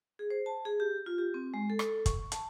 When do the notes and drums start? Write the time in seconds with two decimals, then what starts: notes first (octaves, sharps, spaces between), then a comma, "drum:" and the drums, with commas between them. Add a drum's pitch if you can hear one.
0.19 G#4
0.31 C5
0.46 A5
0.65 G#4
0.80 G4
1.06 F4
1.18 G4
1.34 C4
1.54 G#3
1.70 A4
1.79 drum: rim click
2.06 C#6, drum: kick, hi-hat
2.32 A5, drum: hi-hat